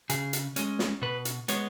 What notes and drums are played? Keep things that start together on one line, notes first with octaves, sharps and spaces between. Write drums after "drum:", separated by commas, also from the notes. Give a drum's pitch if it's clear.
C#3 G#4, drum: hi-hat
drum: hi-hat
G#3 C#4, drum: hi-hat
drum: snare
B2 B4
drum: hi-hat
G#3 B3 C#5, drum: hi-hat